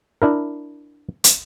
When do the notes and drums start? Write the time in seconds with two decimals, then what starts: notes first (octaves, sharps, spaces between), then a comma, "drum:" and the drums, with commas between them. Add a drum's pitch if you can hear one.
0.22 D4 E4 A#4
1.24 drum: hi-hat